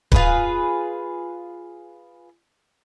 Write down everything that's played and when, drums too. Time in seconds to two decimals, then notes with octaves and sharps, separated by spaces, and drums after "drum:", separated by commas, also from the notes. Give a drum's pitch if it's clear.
0.12 F4 G#4 B4, drum: kick D1